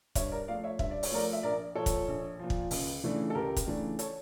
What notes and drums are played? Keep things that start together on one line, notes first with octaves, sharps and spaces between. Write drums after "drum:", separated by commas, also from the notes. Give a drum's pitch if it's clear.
G2 C#5 E5, drum: kick, hi-hat
A#4 D5
F3 A3 D5 F5
C#5 E5
G2 E5, drum: kick
D5
C#5, drum: open hi-hat
F3 A3 A#4 D5
E5
A#1 A#4 D5
A#2 F3 A4 C#5
drum: kick, hi-hat
A#1
A#2 F3
drum: kick
C#2, drum: open hi-hat
C#3 E3 A3 D4
A4
C#2 G4 A#4
drum: kick, hi-hat
C#3 E3 A3 D4
A4 C#5, drum: hi-hat